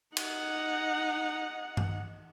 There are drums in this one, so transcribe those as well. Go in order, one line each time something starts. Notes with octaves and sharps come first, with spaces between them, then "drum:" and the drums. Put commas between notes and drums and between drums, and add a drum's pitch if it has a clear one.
D#4 F#5, drum: cymbal
drum: tom G2